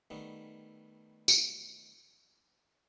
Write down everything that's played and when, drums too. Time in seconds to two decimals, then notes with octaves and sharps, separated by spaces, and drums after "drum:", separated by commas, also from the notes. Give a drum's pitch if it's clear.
0.10 D#3 G3 A3 B3
1.28 drum: tambourine